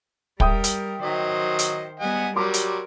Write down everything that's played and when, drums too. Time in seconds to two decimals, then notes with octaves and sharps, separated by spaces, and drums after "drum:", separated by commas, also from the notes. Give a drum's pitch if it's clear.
0.40 G3 A#4 E5 G5 D#6, drum: kick
0.64 drum: hi-hat
1.02 D#3 F#3 C5 D#5
1.59 drum: hi-hat
2.00 G3 B3 D#5 F#5 G#5
2.36 F#3 G3 A#4 C6 D6
2.54 drum: hi-hat